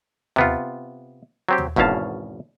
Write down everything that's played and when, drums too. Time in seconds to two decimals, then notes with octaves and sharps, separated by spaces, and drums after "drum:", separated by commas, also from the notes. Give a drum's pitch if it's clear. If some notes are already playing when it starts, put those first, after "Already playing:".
0.36 C3 B3 F4, drum: tom D#2
1.49 F#3 C4 G4
1.58 drum: tom D#2
1.76 G#1 E2 B2 C#4 F5 A5, drum: kick